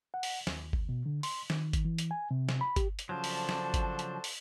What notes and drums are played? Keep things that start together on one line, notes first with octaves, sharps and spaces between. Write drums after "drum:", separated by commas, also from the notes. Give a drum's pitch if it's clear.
F#5
drum: open hi-hat
D#2, drum: snare
drum: kick G1
B2
D3
C6, drum: open hi-hat
D#3, drum: snare
drum: kick G1, hi-hat
E3
drum: hi-hat
G#5
C3
drum: snare
B5
G4, drum: kick G1, hi-hat
drum: hi-hat
C#3 F3 F#3 D4 F#4 A4 C5 A5
drum: open hi-hat
drum: snare
drum: kick G1, hi-hat
drum: hi-hat
drum: open hi-hat